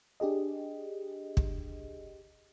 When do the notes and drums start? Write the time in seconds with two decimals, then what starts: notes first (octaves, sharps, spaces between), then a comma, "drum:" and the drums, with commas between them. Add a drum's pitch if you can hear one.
0.20 D4 G4 G#4 D#5
1.37 drum: kick